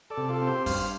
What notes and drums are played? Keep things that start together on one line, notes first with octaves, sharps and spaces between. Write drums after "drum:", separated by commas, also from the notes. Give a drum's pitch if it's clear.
A4 D5
C3
F4 A4
C4
G4 C5
G2 C5 F5, drum: kick, open hi-hat